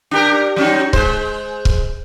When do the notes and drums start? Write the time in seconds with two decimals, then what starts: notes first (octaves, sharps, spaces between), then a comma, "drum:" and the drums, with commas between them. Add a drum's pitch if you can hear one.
0.11 D4 G4 A#4
0.56 F#3 C#4 D#4
0.93 G#3 C5, drum: kick
1.65 drum: kick